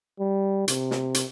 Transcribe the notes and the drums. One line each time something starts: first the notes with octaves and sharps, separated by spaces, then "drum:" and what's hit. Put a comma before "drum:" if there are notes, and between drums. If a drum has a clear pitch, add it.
G3
C3, drum: hi-hat
drum: snare
drum: hi-hat